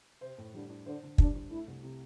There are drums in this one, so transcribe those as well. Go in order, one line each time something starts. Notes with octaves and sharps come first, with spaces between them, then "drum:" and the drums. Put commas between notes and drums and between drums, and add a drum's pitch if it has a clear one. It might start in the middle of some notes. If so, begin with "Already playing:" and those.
C3 C5
A2
D3 G3
D4
D3 C5
D3
G3 D4, drum: kick
D4
A3 E4
C2
C3